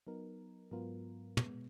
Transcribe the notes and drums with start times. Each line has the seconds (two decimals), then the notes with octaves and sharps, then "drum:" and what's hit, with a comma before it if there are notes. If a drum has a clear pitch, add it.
0.07 F#3 B3 D#4 A#4
0.71 G#2 F#3 B3 F4 A#4
1.37 B2 G#3 B3, drum: tom